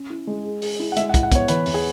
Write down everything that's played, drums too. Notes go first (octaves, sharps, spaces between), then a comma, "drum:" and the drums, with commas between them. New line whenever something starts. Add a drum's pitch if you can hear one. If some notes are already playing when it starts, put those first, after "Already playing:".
Already playing: C#4
E4
G#3
G#4
G#4, drum: open hi-hat
E4
F#5
G#3 E5, drum: hi-hat
F#5
E4, drum: kick, hi-hat
F#5
B3 C#5, drum: kick, hi-hat
E3 B4, drum: hi-hat
E2, drum: open hi-hat
G#4